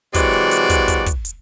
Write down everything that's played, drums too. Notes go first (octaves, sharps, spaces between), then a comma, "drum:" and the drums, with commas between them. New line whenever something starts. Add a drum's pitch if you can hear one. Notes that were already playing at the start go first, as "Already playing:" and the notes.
C3 E3 F#3 G#3 F#4 D5, drum: kick, hi-hat
drum: open hi-hat
drum: hi-hat
drum: kick, hi-hat
drum: kick, hi-hat
drum: kick, hi-hat
drum: hi-hat